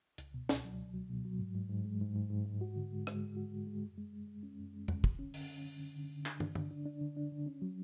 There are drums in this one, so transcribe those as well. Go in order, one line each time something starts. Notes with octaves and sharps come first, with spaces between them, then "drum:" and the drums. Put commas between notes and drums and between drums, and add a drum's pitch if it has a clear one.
C#2, drum: hi-hat
B2
C#2, drum: snare
F#3
C#2
F#3
B2
F#3
G#2
G#2
G#2
G#3
G#2
G#2
G#2
G#2
F#4
D3
G#3
G#3, drum: rim click
G#3
F#4
G#3
G#3
F#2
G#3
G#3
G#3
C#4
F#2
G#3
F#2, drum: tom E2
D3, drum: kick
C#4
D3, drum: open hi-hat
C#4
D3
D3
D3
D3
D4, drum: clap
D4, drum: tom
D3, drum: tom
D4
D4
D3
D4
D3
C#4
F#3